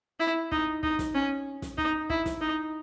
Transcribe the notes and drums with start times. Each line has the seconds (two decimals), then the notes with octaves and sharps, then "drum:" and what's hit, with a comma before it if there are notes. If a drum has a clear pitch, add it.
0.20 E4
0.52 D#4, drum: kick
0.83 D#4, drum: kick
0.99 drum: snare
1.15 C#4
1.62 drum: snare
1.78 D#4, drum: kick
2.10 E4, drum: kick
2.26 drum: snare
2.41 D#4